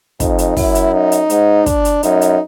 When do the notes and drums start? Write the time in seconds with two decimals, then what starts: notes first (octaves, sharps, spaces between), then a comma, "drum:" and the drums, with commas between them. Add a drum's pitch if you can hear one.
0.20 F2 D#4, drum: kick, hi-hat
0.38 drum: hi-hat
0.57 F#2 E4, drum: kick, open hi-hat
0.75 drum: hi-hat
0.93 D#4
1.12 drum: hi-hat
1.30 G#2, drum: hi-hat
1.66 D4, drum: kick, hi-hat
1.85 drum: hi-hat
2.03 F#2 D#4, drum: hi-hat
2.21 drum: hi-hat